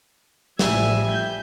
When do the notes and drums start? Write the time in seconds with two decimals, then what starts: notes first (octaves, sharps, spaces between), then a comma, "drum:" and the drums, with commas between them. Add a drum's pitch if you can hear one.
0.59 A1 A2 F3 G3 E5 G#5, drum: snare
1.11 G6